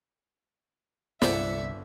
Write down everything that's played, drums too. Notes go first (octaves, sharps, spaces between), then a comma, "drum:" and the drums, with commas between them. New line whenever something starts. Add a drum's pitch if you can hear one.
G1 C2 A4 D5 E5 F#5, drum: snare